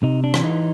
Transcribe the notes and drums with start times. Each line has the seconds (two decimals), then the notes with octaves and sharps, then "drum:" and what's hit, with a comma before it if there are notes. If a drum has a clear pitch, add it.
0.03 C3 D#4
0.24 D4
0.34 E3, drum: rim click
0.44 D#4